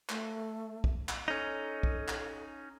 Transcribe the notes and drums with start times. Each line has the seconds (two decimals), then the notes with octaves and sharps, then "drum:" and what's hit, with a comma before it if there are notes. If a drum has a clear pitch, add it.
0.09 A3, drum: clap
0.84 drum: kick
1.09 drum: clap
1.28 C#4 D#4 A4
1.83 drum: kick
2.08 drum: clap